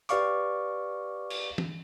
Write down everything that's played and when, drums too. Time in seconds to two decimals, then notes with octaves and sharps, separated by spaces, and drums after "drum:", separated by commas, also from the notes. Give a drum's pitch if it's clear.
0.09 G4 B4 D5 F5 C#6 D6, drum: hi-hat
1.30 drum: cymbal
1.58 drum: tom